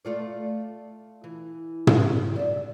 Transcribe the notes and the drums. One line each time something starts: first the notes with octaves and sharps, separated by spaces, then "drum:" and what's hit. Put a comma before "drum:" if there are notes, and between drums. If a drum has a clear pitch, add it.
A3 F4 D5
E3
drum: tom
D5 E5